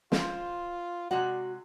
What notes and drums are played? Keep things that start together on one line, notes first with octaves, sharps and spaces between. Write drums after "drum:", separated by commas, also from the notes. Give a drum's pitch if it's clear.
F4 C5, drum: snare
C3 G#3 F#4 D5 F#5